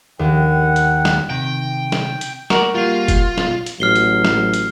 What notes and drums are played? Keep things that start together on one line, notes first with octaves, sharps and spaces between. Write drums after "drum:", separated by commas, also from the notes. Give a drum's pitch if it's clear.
D#2 F#5 G5
drum: hi-hat
drum: snare
C3 D#3 G5
drum: snare
drum: hi-hat
A3 F#4 A#4 D5, drum: snare
G3 A#3 F4 G#4
drum: kick F#1, hi-hat
B2, drum: snare
drum: hi-hat
A1 F#3 F6 C7 G7
drum: hi-hat
drum: snare
drum: hi-hat